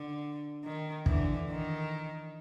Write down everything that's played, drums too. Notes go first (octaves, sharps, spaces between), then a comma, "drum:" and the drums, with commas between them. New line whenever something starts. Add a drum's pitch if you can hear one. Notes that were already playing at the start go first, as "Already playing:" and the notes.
Already playing: D3
D#3
D3 E3, drum: kick
D#3